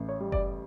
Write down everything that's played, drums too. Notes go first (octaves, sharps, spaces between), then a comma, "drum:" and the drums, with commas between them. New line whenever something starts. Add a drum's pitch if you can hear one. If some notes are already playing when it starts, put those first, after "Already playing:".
Already playing: A1
C#5
G3
D5, drum: kick F#1